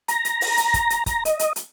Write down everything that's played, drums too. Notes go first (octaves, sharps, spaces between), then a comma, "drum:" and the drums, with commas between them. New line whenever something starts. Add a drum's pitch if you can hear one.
A#5, drum: hi-hat
drum: hi-hat
drum: open hi-hat
drum: hi-hat
drum: kick, hi-hat
drum: hi-hat
A#5, drum: kick, hi-hat
D#5, drum: hi-hat
drum: hi-hat
drum: hi-hat